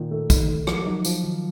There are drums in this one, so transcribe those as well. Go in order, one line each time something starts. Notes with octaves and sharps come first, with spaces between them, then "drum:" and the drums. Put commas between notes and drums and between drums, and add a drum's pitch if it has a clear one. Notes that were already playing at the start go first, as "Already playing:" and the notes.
Already playing: A#2 D#3
A3
D#4, drum: kick A#1, tambourine
A3
F3 A#4, drum: rim click
F#3 D#4
F3 F#3, drum: tambourine
D#3 F4